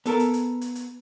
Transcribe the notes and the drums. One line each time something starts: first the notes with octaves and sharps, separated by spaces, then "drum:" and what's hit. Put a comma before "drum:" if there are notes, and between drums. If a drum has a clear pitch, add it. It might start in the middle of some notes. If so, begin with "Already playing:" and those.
B3 A4 A#4, drum: hi-hat
drum: hi-hat
drum: hi-hat
drum: hi-hat
drum: hi-hat